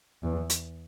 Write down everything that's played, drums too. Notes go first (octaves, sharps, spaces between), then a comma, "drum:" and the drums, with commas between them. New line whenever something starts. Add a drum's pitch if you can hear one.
E2
drum: hi-hat